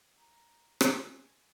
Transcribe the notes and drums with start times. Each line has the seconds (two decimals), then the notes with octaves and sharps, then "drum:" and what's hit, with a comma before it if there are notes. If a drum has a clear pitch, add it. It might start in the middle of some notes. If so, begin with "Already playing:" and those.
0.16 A#5
0.81 G#5, drum: rim click